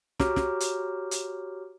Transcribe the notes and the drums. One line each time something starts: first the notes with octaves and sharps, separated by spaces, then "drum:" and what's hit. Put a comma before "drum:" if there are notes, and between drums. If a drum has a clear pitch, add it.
F#4 G4 C#5 A#5 D6 F6, drum: snare
drum: snare
drum: hi-hat
drum: hi-hat